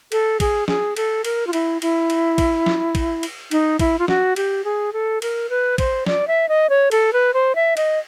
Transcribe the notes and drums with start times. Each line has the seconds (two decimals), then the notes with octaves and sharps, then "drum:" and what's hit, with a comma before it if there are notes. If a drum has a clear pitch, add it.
0.12 A4, drum: cymbal
0.40 G#4, drum: kick, cymbal
0.68 G#4, drum: snare
0.97 A4, drum: cymbal
1.25 A#4, drum: cymbal
1.47 F4
1.53 E4, drum: cymbal
1.82 E4, drum: cymbal
2.10 drum: cymbal
2.38 drum: kick, cymbal
2.66 drum: snare
2.95 drum: kick, cymbal
3.23 drum: cymbal
3.51 D#4, drum: cymbal
3.79 E4, drum: kick, cymbal
3.99 F4
4.08 F#4, drum: snare
4.36 G4, drum: cymbal
4.64 G#4
4.93 A4
5.22 A#4, drum: cymbal
5.50 B4
5.78 C5, drum: kick, cymbal
6.06 D5, drum: snare
6.28 E5
6.49 D#5
6.70 C#5
6.91 A4, drum: cymbal
7.13 B4
7.34 C5
7.55 E5
7.77 D#5, drum: cymbal